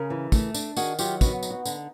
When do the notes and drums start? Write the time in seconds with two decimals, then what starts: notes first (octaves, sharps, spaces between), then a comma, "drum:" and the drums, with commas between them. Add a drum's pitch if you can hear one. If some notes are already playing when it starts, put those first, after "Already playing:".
Already playing: C#3 G#4 A#4
0.10 E3
0.32 A3, drum: kick, tambourine
0.54 D4, drum: tambourine
0.77 D#3 F#4 G#4, drum: tambourine
0.99 F#3 F4 G4, drum: tambourine
1.21 B3 F#4, drum: kick, tambourine
1.43 D#4, drum: tambourine
1.50 F#4
1.66 D3, drum: tambourine